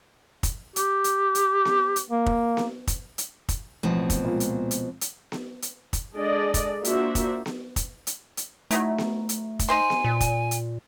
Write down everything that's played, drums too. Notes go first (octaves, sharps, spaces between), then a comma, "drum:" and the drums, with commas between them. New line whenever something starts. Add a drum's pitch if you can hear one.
drum: kick, hi-hat
G4, drum: hi-hat
drum: hi-hat
drum: hi-hat
drum: snare B3
drum: hi-hat
A#3
drum: kick
drum: snare B3
drum: kick, hi-hat
drum: hi-hat
drum: kick, hi-hat
A1 B2 F3 C4
drum: kick, hi-hat
C#2 A#2
drum: hi-hat
drum: hi-hat
drum: hi-hat
drum: snare B3
drum: hi-hat
drum: kick, hi-hat
G#3 D4 G#4 A4 D5 D#5
drum: kick, hi-hat
A#3 D4 F4 F#4 C5 E5, drum: hi-hat
drum: kick, hi-hat
drum: snare B3
drum: kick, hi-hat
drum: hi-hat
drum: hi-hat
F#3 A3 D#4 E4, drum: hi-hat
drum: snare B3
drum: hi-hat
drum: kick, hi-hat
D#4 C5 G#5 C6
drum: snare B3
A#2
drum: kick, hi-hat
drum: hi-hat